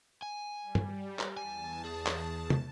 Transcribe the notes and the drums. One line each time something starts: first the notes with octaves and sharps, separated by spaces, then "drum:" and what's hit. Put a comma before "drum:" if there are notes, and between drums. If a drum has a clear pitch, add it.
G#5
G3
drum: tom G2
drum: clap
E2 G#5 A5
G#4
drum: clap
drum: tom